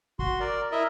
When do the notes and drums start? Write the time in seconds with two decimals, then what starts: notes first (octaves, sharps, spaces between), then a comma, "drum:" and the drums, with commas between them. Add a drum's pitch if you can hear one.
0.19 F#4 C6, drum: kick
0.40 A#4 D5
0.72 E4 A#4 D#5 E5